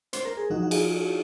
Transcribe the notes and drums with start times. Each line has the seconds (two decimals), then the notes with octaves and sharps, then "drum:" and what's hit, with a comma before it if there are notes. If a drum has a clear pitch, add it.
0.13 C5, drum: hi-hat
0.25 A#4
0.37 G#4
0.50 F3 D#4 F#4
0.62 F#4
0.71 F4 G#4, drum: cymbal